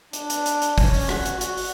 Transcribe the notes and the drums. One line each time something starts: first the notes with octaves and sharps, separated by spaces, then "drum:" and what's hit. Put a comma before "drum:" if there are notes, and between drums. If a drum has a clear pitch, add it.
D4, drum: hi-hat
drum: hi-hat
drum: hi-hat
drum: hi-hat
C#4, drum: kick, open hi-hat
drum: open hi-hat
F#4, drum: rim click
drum: hi-hat
F#4, drum: hi-hat
drum: open hi-hat